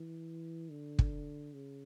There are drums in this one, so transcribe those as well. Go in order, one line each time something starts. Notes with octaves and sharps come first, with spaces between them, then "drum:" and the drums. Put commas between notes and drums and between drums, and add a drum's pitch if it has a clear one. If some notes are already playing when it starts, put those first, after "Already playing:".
Already playing: E3
D3
drum: kick
C#3